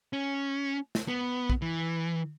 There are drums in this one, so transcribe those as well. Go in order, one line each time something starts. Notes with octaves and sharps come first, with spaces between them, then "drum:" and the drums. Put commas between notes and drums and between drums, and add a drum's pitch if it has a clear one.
C#4
drum: snare
B3
drum: kick
E3